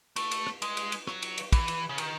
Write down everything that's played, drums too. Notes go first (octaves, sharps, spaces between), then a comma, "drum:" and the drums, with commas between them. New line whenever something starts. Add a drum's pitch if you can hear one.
A3, drum: cymbal
drum: cymbal
drum: rim click
G#3, drum: cymbal
drum: cymbal
drum: cymbal
F#3, drum: rim click
drum: cymbal
drum: cymbal
E3, drum: kick, cymbal
drum: cymbal
C#3
D#3, drum: cymbal